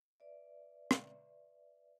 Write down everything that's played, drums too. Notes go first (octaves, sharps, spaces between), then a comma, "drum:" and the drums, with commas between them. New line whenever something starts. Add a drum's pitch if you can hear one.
B4 D5 E5
drum: rim click